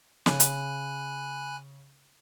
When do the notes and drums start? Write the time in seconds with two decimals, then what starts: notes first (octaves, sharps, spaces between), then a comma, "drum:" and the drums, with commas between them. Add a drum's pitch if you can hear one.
0.26 C#3 G#5 B5 F#6, drum: snare
0.40 drum: hi-hat